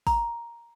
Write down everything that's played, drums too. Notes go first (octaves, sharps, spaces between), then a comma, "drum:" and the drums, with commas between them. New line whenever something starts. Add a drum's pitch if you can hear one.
A#5, drum: kick, open hi-hat